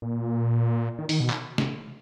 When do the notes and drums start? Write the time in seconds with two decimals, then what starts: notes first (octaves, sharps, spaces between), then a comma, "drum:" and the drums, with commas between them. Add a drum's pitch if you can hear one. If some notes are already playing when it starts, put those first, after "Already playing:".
0.02 A#2
0.98 D#3
1.09 D#3, drum: open hi-hat
1.20 B2
1.30 drum: clap
1.58 drum: snare